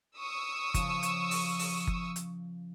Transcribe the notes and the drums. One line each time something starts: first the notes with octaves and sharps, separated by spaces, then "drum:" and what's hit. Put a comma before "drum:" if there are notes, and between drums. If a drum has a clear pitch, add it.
C#6 D#6 E6
C#3 F3 F4, drum: kick G1, hi-hat
drum: hi-hat
drum: open hi-hat
drum: open hi-hat
drum: kick G1
drum: hi-hat